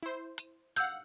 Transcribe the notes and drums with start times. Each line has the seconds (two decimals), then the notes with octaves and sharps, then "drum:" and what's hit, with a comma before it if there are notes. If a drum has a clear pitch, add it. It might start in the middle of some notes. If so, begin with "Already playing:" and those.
0.03 E4 C5
0.38 drum: hi-hat
0.76 F5 F#5 E6 G6, drum: hi-hat